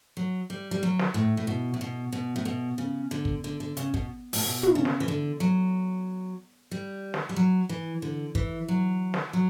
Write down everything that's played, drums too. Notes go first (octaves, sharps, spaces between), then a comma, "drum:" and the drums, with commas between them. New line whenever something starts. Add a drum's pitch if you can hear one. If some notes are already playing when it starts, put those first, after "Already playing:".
F#3
G3
G3
F#3
drum: snare
A2
A2
B2
A2
B2
B2
A2
B2
C#3
D3
drum: kick
D3
D3
C#3, drum: hi-hat
B2, drum: kick
A2, drum: open hi-hat
B2
drum: tom
C#3
drum: snare
E3
D3
F#3
G3
drum: snare
G3
F#3
E3
D3
E3, drum: kick
F#3
drum: snare
F#3